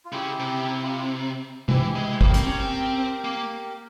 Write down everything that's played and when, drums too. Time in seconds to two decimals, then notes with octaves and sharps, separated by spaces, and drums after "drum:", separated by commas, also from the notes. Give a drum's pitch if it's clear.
0.05 F4
0.12 C#3 E4 G4
0.39 C3
0.64 E4
0.82 F4
0.99 E4
1.68 E3 E4 G4, drum: tom C3
1.96 G#3
2.12 C5
2.21 A#3 G4 A#4, drum: kick
2.34 C4, drum: hi-hat
2.47 C#4
2.60 C4
3.24 A#3